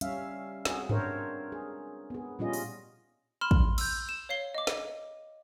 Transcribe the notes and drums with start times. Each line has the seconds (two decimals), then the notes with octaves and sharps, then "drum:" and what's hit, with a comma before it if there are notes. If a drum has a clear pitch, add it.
0.01 G3 C#4 E5 F5, drum: hi-hat
0.65 C4 F#4 G#4, drum: snare
0.89 D4 G#4 A#4 C5 C#5 E5, drum: tom G2
1.52 G#4
2.10 B3 G#4
2.39 A#2 G3 C#4 F4 G#4 D#5
2.53 drum: open hi-hat
3.41 B5 C6 F6 E7
3.51 drum: kick
3.78 E6 G6, drum: cymbal
4.09 E7
4.29 C#5 F5 C7 G7
4.55 D#5 D6
4.67 drum: snare